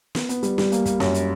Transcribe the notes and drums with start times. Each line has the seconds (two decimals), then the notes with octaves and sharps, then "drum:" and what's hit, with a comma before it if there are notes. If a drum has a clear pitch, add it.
0.15 B3, drum: snare
0.29 B3, drum: hi-hat
0.43 G3, drum: hi-hat
0.58 G3, drum: snare
0.72 A#3, drum: hi-hat
0.86 A#3, drum: kick, hi-hat
1.00 F#2, drum: snare
1.14 drum: hi-hat